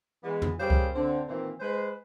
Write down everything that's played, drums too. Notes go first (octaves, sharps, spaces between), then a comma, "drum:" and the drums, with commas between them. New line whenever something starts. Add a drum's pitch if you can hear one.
E3 G#3 B3
drum: tom F2
G3 A#3 C#4 G4 G#4 C5
drum: kick C#2
D3 C4
A#2 D#3 E3 A#3 C4
G#3 B4 C5